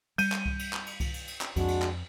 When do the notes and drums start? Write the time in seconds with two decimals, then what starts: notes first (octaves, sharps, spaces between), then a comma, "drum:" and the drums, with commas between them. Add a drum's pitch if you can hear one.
0.18 G3 G6 D#7, drum: cymbal
0.32 drum: clap
0.46 drum: kick C2
0.59 drum: cymbal
0.73 drum: clap
0.86 drum: cymbal
1.00 drum: kick C2, cymbal
1.14 drum: cymbal
1.27 drum: cymbal
1.41 drum: clap
1.56 F2 G#3 D4 F#4, drum: kick C2, cymbal
1.68 drum: cymbal
1.82 drum: clap